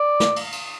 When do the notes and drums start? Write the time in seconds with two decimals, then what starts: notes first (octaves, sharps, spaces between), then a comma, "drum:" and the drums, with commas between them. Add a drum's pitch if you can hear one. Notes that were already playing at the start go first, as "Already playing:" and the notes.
Already playing: D5
0.20 drum: snare
0.36 drum: cymbal
0.52 drum: cymbal